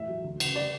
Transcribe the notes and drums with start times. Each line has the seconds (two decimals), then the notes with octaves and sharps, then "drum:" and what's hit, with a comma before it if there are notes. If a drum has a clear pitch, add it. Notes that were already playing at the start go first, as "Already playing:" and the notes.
Already playing: E1 A2 E5
0.08 F#3
0.24 D2
0.40 C#3, drum: cymbal
0.56 G3 D5